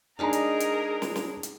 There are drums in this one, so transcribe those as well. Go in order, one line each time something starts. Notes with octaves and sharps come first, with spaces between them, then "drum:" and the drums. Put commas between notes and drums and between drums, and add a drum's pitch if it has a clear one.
G#3 D4 D#4 G#4 A#4 F5 A#5
drum: hi-hat
drum: hi-hat
drum: snare
drum: snare
drum: hi-hat